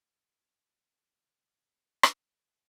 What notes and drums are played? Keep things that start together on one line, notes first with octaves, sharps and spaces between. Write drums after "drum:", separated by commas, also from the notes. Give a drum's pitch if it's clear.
A#2 C#3 G3 E4
drum: rim click